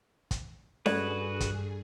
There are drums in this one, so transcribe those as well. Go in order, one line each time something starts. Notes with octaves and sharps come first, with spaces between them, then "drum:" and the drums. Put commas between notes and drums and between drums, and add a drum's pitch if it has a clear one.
drum: kick, hi-hat
G2 F#4 G#4 A4 B4 D5, drum: snare C#4
drum: kick, hi-hat